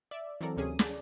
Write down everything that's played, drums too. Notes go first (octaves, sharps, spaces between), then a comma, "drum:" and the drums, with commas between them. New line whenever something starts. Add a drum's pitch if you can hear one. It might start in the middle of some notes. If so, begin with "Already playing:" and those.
D5 E5
E3 F#3 C4 A4 A#4 D5
D2 C3 C#4 G#4 D#6 D#7
G#4 A4 D5, drum: snare